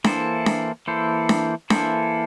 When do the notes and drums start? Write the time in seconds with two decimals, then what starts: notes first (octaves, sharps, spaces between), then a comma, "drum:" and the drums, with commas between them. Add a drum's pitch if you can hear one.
0.04 E3 A#3 E4 A4 C5, drum: snare D4
0.46 drum: snare D4
0.87 E3 A#3 E4 A4 C5
1.29 drum: snare D4
1.70 E3 A#3 E4 A4 C5, drum: snare D4